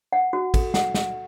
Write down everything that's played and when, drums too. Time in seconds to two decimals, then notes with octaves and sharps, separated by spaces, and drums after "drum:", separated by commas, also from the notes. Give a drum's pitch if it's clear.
0.13 F#5
0.33 F#4
0.54 A4, drum: kick, cymbal
0.74 F#5, drum: snare
0.94 F#5, drum: snare